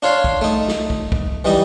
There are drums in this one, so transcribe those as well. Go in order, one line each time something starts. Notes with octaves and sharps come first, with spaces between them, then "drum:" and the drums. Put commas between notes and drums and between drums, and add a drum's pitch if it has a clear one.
D4 F4 C#5 F5
drum: kick
A3 D#4
drum: snare
drum: kick
drum: kick
E3 G3 D#4 D#5